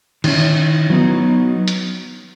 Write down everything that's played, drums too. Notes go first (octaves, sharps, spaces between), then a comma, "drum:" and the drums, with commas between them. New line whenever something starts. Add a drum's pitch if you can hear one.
D#3 F#3 C#4 E4, drum: cymbal
F#3 B3 D#4
drum: hi-hat